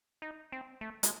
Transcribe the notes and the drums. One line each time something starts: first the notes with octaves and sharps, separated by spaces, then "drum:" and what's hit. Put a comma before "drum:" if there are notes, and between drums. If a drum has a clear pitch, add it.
D#4
C4
A3
G#3, drum: hi-hat